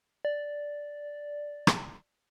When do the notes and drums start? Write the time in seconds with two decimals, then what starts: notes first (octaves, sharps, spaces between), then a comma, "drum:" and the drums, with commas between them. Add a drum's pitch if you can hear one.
0.25 D5
1.67 drum: rim click